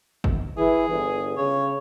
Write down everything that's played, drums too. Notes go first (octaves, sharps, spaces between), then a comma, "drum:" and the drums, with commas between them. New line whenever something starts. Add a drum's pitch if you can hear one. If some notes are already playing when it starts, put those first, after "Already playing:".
drum: kick G1
E3 G#4
G1
C#3 C#5